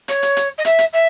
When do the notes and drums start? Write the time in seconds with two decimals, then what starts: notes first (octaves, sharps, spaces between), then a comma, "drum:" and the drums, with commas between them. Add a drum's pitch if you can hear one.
0.08 C#5, drum: hi-hat
0.23 drum: hi-hat
0.37 drum: hi-hat
0.58 D#5
0.65 E5, drum: hi-hat
0.79 drum: hi-hat
0.93 E5